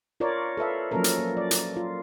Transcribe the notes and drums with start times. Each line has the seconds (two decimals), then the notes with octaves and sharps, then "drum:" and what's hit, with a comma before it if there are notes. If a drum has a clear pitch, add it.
0.20 F4 A#4 C#5 D5
0.57 A4 B4 E5 F5
0.91 F3 F#3 A#3 C#4 A4 A#4
1.04 drum: hi-hat
1.19 A#3
1.37 D5
1.51 drum: hi-hat
1.77 F4